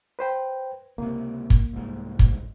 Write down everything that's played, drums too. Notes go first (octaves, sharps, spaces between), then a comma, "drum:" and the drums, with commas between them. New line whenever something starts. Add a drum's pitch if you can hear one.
B4 C5 G5
C#2 C3 A#3
drum: kick
C2 G#2
drum: kick